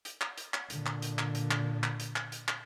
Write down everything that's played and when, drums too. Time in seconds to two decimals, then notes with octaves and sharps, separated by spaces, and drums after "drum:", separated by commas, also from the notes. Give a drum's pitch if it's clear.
0.05 drum: hi-hat
0.21 drum: clap
0.38 drum: hi-hat
0.54 drum: clap
0.70 A#2 D3, drum: hi-hat
0.86 drum: clap
1.02 drum: hi-hat
1.19 drum: clap
1.35 drum: hi-hat
1.51 drum: clap
1.83 drum: clap
2.00 drum: hi-hat
2.16 drum: clap
2.32 drum: hi-hat
2.48 drum: clap